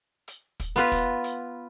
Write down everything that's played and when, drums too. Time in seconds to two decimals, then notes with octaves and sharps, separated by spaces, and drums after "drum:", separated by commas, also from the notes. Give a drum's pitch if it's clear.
0.28 drum: hi-hat
0.60 drum: kick, hi-hat
0.76 B3 F4 B4
0.92 drum: kick, hi-hat
1.24 drum: hi-hat